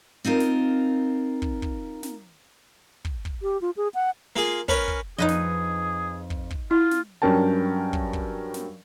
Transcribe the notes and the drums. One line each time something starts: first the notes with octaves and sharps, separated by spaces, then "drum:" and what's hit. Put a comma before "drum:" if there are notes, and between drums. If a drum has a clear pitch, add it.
C4 D#4 F4 A#4
drum: snare
drum: kick
drum: kick
drum: snare
drum: kick
drum: kick
G4
F4
G#4
F#5
A#3 F4 G#4
C#4 A#4 B4 C#5, drum: kick
drum: kick
F2 D#4 G#4 B4 D#5
drum: snare
drum: kick
drum: kick
E4 F4
drum: snare
G2 F#3 C#4 A#4 G5 A5
drum: kick
drum: kick
drum: snare